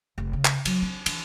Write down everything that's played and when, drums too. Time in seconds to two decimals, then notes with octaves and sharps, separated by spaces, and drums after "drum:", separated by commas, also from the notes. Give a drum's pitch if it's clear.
0.18 F1
0.33 C#3
0.45 drum: clap
0.65 F#3, drum: cymbal
0.82 C4
1.06 E3, drum: cymbal